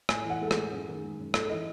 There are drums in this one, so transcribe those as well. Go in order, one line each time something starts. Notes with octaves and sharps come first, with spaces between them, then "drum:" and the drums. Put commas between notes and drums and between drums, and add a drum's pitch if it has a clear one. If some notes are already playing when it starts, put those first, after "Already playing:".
A2 G#5, drum: rim click
E3 F#5
G#3 A4
A2 G#4, drum: rim click
F#2 G#4
D#3
G#3
F#2
G#2 A4, drum: rim click
E3 D#5